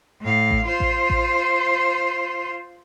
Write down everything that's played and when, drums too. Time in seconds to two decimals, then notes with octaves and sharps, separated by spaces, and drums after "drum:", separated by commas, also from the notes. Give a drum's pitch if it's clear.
0.21 A2 F5
0.51 drum: kick A1
0.66 F4 C5
0.80 drum: kick A1
1.10 drum: kick A1